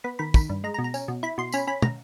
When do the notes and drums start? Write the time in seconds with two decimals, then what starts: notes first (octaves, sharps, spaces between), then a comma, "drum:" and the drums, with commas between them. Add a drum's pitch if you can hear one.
0.04 B3 B5
0.19 D#3 B5
0.34 D#3 B5, drum: kick, tambourine
0.49 G2
0.64 G#3 A#5
0.74 A#5
0.78 B2
0.84 A#5
0.94 C#4, drum: tambourine
1.08 B2
1.23 E4 B5
1.38 B2 C6
1.52 C#4 B5, drum: tambourine
1.67 C#4 B5
1.82 A#5, drum: tom